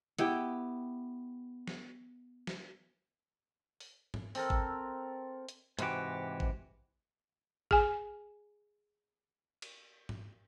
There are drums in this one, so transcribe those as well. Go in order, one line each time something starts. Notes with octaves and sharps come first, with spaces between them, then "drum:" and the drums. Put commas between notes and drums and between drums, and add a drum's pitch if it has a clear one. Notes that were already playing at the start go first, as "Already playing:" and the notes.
B3 E4 G4 G5, drum: hi-hat
drum: snare
drum: snare
drum: open hi-hat
drum: tom G#2
C4 A4 A#4, drum: open hi-hat
drum: kick G#1
drum: hi-hat
G#2 C3 E3 F#4 G4, drum: hi-hat
drum: kick G#1
G#4 G#5, drum: kick G#1
drum: cymbal
drum: tom G#2